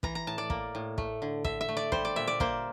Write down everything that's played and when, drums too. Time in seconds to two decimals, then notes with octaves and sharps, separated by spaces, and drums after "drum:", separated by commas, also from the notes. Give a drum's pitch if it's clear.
0.03 E3 A#5, drum: kick
0.15 A#5
0.27 A2 A5
0.38 D5
0.50 A#3, drum: kick
0.75 A2
0.98 A3, drum: kick
1.22 D3
1.44 D3 E5, drum: kick
1.61 E5
1.69 A3
1.77 D5
1.92 G3 C5, drum: kick
2.05 D5
2.16 A#2 E5
2.27 D5
2.40 A#3 C5, drum: kick